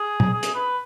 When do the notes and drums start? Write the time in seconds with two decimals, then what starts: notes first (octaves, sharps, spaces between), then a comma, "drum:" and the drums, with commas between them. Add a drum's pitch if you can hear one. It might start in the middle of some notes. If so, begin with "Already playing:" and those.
Already playing: G#4
0.20 drum: tom
0.33 G#4
0.43 drum: hi-hat
0.55 B4